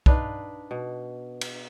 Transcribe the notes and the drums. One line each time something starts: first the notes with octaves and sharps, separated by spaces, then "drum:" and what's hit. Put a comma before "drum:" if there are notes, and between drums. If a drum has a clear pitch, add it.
D4 D#4 B4 F5, drum: kick
B2
drum: cymbal